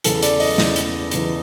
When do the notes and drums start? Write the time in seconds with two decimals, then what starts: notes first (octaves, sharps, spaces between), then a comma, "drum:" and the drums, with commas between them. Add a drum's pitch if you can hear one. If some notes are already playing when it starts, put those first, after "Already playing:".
0.04 E2 C#3 E3 A4, drum: hi-hat
0.23 D5, drum: hi-hat
0.40 D#5, drum: open hi-hat
0.58 E2 C#3 E3, drum: snare
0.76 drum: hi-hat
1.11 E2 C#3 E3, drum: hi-hat